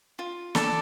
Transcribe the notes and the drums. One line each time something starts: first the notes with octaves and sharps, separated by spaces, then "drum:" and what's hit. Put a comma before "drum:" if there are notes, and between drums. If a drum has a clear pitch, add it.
F4
A4 D5, drum: snare